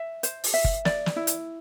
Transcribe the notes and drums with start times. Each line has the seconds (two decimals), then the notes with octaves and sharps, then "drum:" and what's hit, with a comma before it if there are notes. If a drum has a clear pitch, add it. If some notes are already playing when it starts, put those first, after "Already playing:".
Already playing: E5
0.23 C5, drum: hi-hat
0.44 drum: open hi-hat
0.54 E5
0.64 drum: kick
0.85 D5, drum: snare
1.06 drum: snare
1.16 E4
1.27 drum: hi-hat